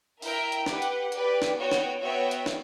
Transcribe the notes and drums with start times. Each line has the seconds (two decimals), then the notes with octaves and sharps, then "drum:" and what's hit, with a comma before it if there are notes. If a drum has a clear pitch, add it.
0.22 E4 A#4 E5 G5, drum: open hi-hat
0.52 drum: hi-hat
0.66 G4 B4 F#5, drum: snare
0.82 drum: hi-hat
1.12 G4 B4 D5, drum: hi-hat
1.42 drum: snare
1.56 B3 F#4 C#5 G5
1.72 drum: snare
2.01 B3 F#4 C#5 E5 G5
2.31 drum: hi-hat
2.46 drum: snare